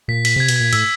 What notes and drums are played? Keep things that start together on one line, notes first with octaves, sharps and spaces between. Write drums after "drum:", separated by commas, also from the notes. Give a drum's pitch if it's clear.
A#2 B6
B6, drum: cymbal
C3 G#6
B2, drum: cymbal
A#2 G#6
A2 E6, drum: cymbal